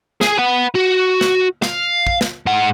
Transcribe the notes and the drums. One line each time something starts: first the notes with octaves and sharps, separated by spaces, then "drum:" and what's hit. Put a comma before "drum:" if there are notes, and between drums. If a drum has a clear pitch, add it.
G#4 G#5, drum: snare
B4 F#5
F#4
drum: snare
F5, drum: snare
drum: kick
drum: snare
G#2 F#5